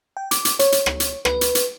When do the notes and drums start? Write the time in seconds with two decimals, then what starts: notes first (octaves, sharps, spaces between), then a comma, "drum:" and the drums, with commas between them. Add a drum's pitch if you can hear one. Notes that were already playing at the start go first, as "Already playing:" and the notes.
0.17 G5
0.31 D6, drum: hi-hat
0.45 drum: hi-hat
0.59 C#5, drum: hi-hat
0.72 drum: hi-hat
0.86 drum: rim click
1.00 drum: hi-hat
1.25 B4, drum: rim click
1.41 drum: hi-hat
1.55 drum: hi-hat